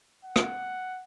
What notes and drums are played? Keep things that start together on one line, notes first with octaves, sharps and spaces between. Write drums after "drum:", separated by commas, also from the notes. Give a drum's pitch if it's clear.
F#5
drum: rim click